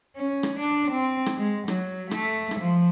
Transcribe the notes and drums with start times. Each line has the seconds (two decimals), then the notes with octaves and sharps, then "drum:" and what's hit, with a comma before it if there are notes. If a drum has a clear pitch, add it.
0.17 C#4
0.43 drum: rim click
0.60 D4
0.91 C4
1.26 drum: rim click
1.38 G#3
1.68 F#3, drum: rim click
2.11 A3, drum: rim click
2.51 drum: rim click
2.60 F3